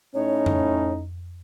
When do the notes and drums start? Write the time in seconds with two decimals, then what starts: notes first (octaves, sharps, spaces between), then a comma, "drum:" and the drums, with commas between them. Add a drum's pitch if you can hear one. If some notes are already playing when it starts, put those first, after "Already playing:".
0.14 A2 C#4 D#4 C#5
0.46 drum: tom F2